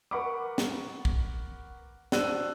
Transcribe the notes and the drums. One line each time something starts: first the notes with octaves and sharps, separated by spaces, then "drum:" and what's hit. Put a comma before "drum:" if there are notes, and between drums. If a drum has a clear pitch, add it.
A#4 B4 F#5 B5 C#6 D6
drum: snare
drum: kick
C4 D4 F#4 E6 F#6 D#7, drum: snare